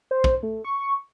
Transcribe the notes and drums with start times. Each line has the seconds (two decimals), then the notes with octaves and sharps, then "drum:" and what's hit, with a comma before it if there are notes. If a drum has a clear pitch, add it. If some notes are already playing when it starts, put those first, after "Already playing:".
0.11 C5
0.24 drum: kick
0.43 A3
0.64 C#6